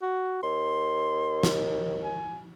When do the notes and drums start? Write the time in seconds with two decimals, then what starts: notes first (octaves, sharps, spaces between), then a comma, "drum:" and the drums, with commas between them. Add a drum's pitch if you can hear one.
0.02 F#4
0.43 D#2 C6
1.43 drum: snare
2.04 G#5